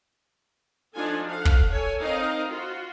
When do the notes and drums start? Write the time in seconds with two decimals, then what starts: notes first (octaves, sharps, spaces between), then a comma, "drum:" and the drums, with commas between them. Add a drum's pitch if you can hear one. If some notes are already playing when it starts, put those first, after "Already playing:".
0.96 F3 D4 D#4 F4 A4 G#5
1.30 A4 F5 F#5
1.45 drum: kick
1.69 A4 C#5 G#5
2.00 C4 D#4 A#4 D#5 F5 A#5
2.49 F4 F#4